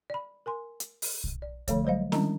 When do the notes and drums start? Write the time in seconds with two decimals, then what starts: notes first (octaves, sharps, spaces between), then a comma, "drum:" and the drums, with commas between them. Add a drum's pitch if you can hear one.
0.10 D5 B5
0.46 A#4 G#5 C6
0.80 drum: hi-hat
1.02 drum: open hi-hat
1.24 drum: kick
1.42 D5
1.68 D3 F3 A3 A4 C#5, drum: kick, hi-hat
1.85 F#3 G3 C5 D#5 F5
2.12 D#3 G3 G#3 C#4 D4 E4, drum: snare C4